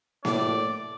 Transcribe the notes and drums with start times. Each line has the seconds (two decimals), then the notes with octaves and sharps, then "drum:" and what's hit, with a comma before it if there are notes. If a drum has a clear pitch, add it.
0.25 A2 D5, drum: snare A#3